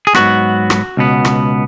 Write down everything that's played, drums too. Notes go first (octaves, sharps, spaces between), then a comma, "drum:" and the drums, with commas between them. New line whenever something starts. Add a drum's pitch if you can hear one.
G#4
G#2 F#3 B3 F#4, drum: rim click
drum: rim click
C#2 B2 B3
drum: rim click